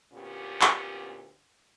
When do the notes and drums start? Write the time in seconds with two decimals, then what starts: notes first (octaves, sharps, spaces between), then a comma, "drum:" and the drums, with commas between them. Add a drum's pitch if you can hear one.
0.12 D2 A#2 B3 C#4 G4
0.61 drum: clap